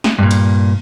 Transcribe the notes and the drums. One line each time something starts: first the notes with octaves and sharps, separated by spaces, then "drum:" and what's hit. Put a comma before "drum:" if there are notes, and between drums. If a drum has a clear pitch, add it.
drum: snare
G2 A#2
drum: cymbal